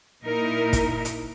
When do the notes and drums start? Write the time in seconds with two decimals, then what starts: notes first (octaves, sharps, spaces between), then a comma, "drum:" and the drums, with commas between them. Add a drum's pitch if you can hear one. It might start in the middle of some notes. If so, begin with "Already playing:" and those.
0.25 A#2 D#4 E4 A#4
0.73 drum: kick, hi-hat
1.05 drum: hi-hat